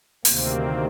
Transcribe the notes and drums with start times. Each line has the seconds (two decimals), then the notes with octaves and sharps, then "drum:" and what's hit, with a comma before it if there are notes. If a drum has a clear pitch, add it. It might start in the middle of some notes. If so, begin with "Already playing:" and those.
0.25 D2 C3 D#3 A#3 C4, drum: open hi-hat